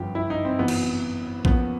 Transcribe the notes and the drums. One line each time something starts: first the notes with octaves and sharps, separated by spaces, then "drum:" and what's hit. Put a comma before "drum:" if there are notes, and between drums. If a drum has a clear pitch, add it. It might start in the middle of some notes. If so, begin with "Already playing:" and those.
Already playing: G1 F#2 C#3 F3 G4
E4
D#4
C4
G#1 F#2 C#3 E3 B3
drum: cymbal
D#2 C#3 F3 B3, drum: kick A#1